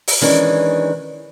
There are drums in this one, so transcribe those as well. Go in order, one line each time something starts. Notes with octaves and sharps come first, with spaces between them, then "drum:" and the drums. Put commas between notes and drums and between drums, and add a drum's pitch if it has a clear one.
drum: open hi-hat
D#3 E3 G#3 C#4 D4